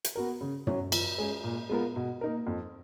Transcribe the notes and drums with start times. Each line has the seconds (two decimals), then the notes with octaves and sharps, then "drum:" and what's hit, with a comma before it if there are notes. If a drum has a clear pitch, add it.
0.04 drum: hi-hat
0.15 B3 F#4 A#4
0.41 C#3
0.67 F#3 C#4 F#4, drum: tom
0.92 F3, drum: cymbal
1.18 G#3 C#4 G#4
1.44 A#2
1.69 G#3 B3 F4 A#4
1.96 B2
2.21 A#3 D#4 A#4
2.47 F2